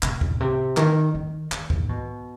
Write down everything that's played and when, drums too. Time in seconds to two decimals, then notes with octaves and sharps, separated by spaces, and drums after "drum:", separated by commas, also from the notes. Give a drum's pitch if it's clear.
0.03 B2, drum: clap
0.21 drum: kick C2
0.40 C3
0.77 D#3, drum: clap
1.15 D#3
1.52 D#3, drum: clap
1.70 drum: kick C2
1.89 B2